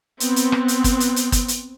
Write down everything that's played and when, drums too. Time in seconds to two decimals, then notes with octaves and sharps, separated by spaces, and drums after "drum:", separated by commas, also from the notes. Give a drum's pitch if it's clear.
0.20 B3 C4, drum: hi-hat
0.36 drum: hi-hat
0.52 drum: rim click
0.68 drum: hi-hat
0.84 drum: kick, hi-hat
1.00 drum: hi-hat
1.16 drum: hi-hat
1.32 drum: kick, hi-hat
1.48 drum: hi-hat